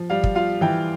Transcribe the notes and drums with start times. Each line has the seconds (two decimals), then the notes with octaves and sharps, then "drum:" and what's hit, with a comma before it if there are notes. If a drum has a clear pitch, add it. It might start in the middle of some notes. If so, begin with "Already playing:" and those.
Already playing: F3
0.10 G3 F5
0.24 drum: kick
0.35 F4 F5
0.61 E3 G5